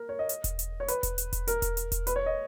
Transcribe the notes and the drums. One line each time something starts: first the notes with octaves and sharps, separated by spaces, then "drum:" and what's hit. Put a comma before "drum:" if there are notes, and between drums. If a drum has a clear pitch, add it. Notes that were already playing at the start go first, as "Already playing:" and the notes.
Already playing: A#4
C#5
D#5
drum: hi-hat
drum: kick E1, hi-hat
drum: hi-hat
C#5
B4, drum: hi-hat
drum: kick E1, hi-hat
drum: hi-hat
drum: kick E1, hi-hat
A#4, drum: hi-hat
drum: kick E1, hi-hat
drum: hi-hat
drum: kick E1, hi-hat
B4, drum: hi-hat
C#5
D#5